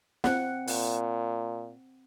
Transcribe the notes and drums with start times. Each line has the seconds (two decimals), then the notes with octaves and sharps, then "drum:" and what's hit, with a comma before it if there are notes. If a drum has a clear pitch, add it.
0.24 C4 F#5, drum: snare
0.67 A#2, drum: open hi-hat